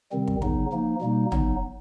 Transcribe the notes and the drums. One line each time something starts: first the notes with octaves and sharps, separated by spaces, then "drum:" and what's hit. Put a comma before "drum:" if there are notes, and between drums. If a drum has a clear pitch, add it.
C3 D#3 G3 C4
drum: kick
C#3 F#3 B3 D#4, drum: kick
F3 A#3 D#4
B2 G3 A#3 D#4
F#3 B3 D#4, drum: tom